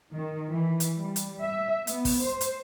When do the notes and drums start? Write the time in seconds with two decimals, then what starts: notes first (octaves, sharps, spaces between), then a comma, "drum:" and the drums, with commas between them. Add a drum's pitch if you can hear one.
0.13 D#3
0.49 E3
0.80 drum: hi-hat
0.97 G3
1.16 drum: hi-hat
1.42 E5
1.87 B3, drum: hi-hat
2.05 drum: kick, open hi-hat
2.22 C5
2.41 drum: hi-hat